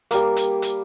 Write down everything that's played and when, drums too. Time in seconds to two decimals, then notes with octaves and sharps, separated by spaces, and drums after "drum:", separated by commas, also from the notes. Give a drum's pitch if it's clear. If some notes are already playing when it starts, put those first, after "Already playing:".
0.11 G3 A#3, drum: hi-hat
0.36 drum: hi-hat
0.62 drum: hi-hat